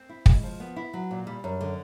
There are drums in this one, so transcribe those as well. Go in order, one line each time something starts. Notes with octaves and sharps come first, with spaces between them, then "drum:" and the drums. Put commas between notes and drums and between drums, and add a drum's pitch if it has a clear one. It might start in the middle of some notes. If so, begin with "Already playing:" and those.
Already playing: C4
E4
G#3, drum: kick
F3
B3
E4
F#3
A#2
G3
F#2
D3